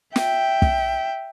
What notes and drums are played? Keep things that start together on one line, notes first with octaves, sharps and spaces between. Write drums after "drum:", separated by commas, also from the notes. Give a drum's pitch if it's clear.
E5 G5, drum: snare
drum: kick